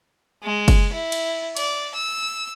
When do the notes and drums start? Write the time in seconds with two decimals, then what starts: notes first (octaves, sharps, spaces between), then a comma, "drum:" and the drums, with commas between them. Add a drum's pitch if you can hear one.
0.43 G#3
0.68 drum: kick F#1, cymbal
0.93 E4
1.12 drum: cymbal
1.57 D5, drum: cymbal
1.95 E6